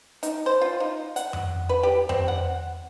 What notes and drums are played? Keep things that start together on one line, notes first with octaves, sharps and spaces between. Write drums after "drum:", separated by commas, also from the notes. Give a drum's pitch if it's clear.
D#4, drum: hi-hat
C5
F4
D#4
F#5, drum: hi-hat
drum: tom F2
B4
G4
C4, drum: tom F2
F#5